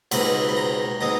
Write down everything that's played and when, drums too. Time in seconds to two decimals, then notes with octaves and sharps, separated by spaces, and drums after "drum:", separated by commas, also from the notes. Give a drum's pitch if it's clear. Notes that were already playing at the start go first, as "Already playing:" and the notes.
0.11 C#2 B2 G#3 C4 D#4 B5, drum: cymbal
0.49 B5
0.56 A#5
1.01 B2 G#3 C4 D#4 A#5